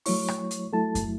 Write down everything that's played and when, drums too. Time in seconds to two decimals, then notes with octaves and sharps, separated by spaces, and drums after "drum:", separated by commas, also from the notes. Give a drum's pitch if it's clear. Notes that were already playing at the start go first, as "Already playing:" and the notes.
0.06 F#3 A3 E4 C#5 C#6, drum: open hi-hat
0.28 drum: rim click
0.51 drum: hi-hat
0.72 F#3 A3 E4 A4 A5
0.95 drum: kick F#2, hi-hat